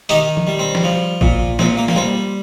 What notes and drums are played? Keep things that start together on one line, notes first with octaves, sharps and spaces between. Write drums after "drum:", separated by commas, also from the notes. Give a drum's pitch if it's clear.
D#3 D#4 G4, drum: hi-hat
drum: tom
G3
C4
drum: snare
F3
A#2, drum: kick
A#2 C4, drum: snare
A#3
A#3, drum: snare
G3 C4